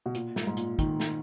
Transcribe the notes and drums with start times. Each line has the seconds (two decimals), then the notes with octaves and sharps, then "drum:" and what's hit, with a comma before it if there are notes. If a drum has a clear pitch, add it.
0.06 B2
0.15 A#2, drum: hi-hat
0.36 G#2, drum: snare
0.47 G#2
0.57 A#2, drum: hi-hat
0.79 D#3, drum: kick, hi-hat
1.00 drum: snare